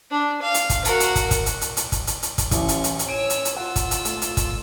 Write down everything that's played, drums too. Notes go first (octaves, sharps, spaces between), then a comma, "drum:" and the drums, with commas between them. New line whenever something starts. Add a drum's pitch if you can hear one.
D4
F5
drum: hi-hat
drum: kick, hi-hat
F#4 A#4, drum: hi-hat
drum: hi-hat
drum: kick, hi-hat
drum: kick, hi-hat
drum: hi-hat
drum: hi-hat
drum: hi-hat
drum: kick, hi-hat
drum: hi-hat
drum: hi-hat
drum: kick, hi-hat
A1 C#4 C#6, drum: kick, hi-hat
drum: hi-hat
drum: hi-hat
drum: hi-hat
C#5 E6 D7
drum: hi-hat
drum: hi-hat
F4 F#5 E6
drum: kick, hi-hat
drum: hi-hat
A3, drum: hi-hat
drum: hi-hat
drum: kick, hi-hat